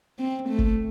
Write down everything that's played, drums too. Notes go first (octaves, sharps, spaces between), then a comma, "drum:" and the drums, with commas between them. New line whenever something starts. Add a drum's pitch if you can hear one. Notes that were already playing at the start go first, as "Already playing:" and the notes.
C4
A3
drum: kick G1